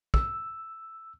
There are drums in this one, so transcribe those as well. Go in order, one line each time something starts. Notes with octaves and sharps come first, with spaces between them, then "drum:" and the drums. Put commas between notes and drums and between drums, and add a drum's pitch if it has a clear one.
E6, drum: kick